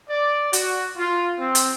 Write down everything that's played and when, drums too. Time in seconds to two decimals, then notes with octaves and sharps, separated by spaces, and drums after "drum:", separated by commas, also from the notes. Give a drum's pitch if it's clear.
0.10 D5
0.53 F#4, drum: hi-hat
0.99 F4
1.40 C4
1.55 drum: hi-hat